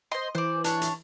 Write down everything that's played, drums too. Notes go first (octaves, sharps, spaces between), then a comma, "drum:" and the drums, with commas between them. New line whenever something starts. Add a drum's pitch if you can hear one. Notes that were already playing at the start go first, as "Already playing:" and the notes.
C5 D#5 C6
E3 C5 D5
D4 C#5, drum: hi-hat
drum: hi-hat